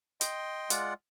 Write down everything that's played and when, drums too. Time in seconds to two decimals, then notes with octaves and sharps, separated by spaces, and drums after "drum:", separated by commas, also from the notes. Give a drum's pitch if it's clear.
0.21 D#5 G5 C6, drum: hi-hat
0.70 G#3 F4 D5 F#5, drum: hi-hat